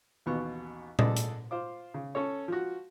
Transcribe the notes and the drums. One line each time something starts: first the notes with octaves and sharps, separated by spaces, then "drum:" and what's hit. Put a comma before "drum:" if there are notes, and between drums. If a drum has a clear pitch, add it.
A1 D#2 B2 B3 C#6
G#4 A4 B4 D5 D#5, drum: tom A#2
drum: hi-hat
F4 C5 F5 D6
C#3
C#4 A4 C#5
F3 F#4